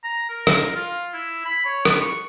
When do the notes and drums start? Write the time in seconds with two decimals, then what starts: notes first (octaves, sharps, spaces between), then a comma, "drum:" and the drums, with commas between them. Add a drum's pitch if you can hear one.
0.04 A#5
0.29 A#4
0.47 drum: rim click
0.75 F4
1.14 E4
1.45 B5
1.65 C#5
1.85 B4, drum: rim click
2.01 C#6